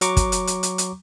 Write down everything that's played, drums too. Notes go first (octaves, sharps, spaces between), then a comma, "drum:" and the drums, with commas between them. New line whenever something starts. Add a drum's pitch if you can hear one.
F#3 A#5 C#6 D6, drum: hi-hat
drum: kick, hi-hat
drum: hi-hat
drum: hi-hat
drum: hi-hat
drum: hi-hat